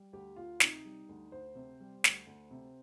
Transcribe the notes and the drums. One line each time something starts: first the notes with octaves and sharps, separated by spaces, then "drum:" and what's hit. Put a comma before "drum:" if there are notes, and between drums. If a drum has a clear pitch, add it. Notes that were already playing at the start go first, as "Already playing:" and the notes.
Already playing: G3
D2 G4
D2 F4
C3 D#4, drum: snare
G3
D2
D2 C5
C3
G3
D2, drum: snare
D2
C3